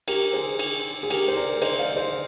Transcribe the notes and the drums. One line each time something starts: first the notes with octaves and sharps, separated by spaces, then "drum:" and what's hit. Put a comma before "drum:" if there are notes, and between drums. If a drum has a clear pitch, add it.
G4 A#4, drum: cymbal
G#4 C5
drum: cymbal
G#4
G4 A#4, drum: cymbal
C5
A#4 D5
C5 D#5, drum: cymbal
D5 F5
C5 D#5